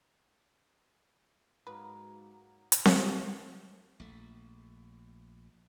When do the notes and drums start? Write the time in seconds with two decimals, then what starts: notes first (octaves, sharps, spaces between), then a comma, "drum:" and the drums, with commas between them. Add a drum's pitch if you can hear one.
1.67 G#2 F#3 A#3 D#4 B4
2.72 drum: hi-hat
2.85 drum: snare C4
4.00 A#1 A3